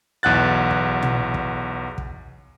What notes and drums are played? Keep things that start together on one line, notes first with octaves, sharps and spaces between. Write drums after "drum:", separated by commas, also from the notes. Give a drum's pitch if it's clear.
B1 E2 F#5 F#6 A6
drum: kick
drum: tom
drum: kick
drum: kick